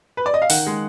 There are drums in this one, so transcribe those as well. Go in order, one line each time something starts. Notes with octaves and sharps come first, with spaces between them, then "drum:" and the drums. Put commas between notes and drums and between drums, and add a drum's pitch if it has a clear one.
B4
D5
D#5
F5
D#3 F#5, drum: open hi-hat
G#3